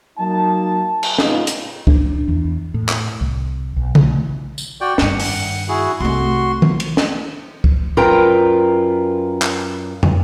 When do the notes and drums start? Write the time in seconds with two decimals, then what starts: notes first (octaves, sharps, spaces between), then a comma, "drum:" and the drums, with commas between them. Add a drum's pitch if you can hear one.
0.19 F#3 A#3 D#4 A#4 A5
1.03 drum: cymbal
1.18 A2 C#3 G#3 B3 D#4 F4, drum: snare
1.47 drum: hi-hat
1.87 D4, drum: kick C#2
2.28 E2
2.74 A2
2.89 drum: clap
3.21 C2
3.76 B1
3.95 drum: tom C#3
4.58 drum: tambourine
4.81 F#4 D5 G5
4.98 G2 D#3 F#5, drum: snare
5.19 drum: open hi-hat
5.68 E4 F#4 G#4
6.00 C2 A3 F#4 C6
6.62 drum: tom D#3
6.80 drum: cymbal
6.97 drum: snare
7.64 drum: kick C#2
7.97 F#2 F4 A#4 B4 G5 A#5
9.42 drum: clap
10.03 drum: tom